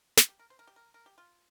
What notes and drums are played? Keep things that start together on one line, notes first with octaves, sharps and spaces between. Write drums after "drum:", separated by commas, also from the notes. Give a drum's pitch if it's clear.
A#4, drum: snare
G4
A#4
C5
A#4
G4
A#4
A#4
G4
F4